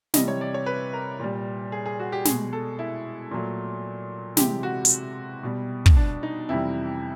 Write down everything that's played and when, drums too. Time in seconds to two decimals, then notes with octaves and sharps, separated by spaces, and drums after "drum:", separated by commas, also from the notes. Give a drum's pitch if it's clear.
0.14 C3 E3 G3 D#5, drum: snare
0.28 C#5
0.41 D5
0.54 C#5
0.66 B4
0.93 A#4
1.20 A#2 G3
1.72 G#4
1.86 G#4
2.00 F#4
2.12 G4
2.25 G#3 G#4, drum: snare
2.30 B2
2.53 A4
2.79 E4
3.31 A#2 F#3 A3
4.37 C3 E3 G#3 G4, drum: snare
4.63 F#4
4.85 drum: hi-hat
5.43 B2 G3
5.86 drum: kick
5.96 D4
6.23 D#4
6.49 F2 C3 E3 G3 E4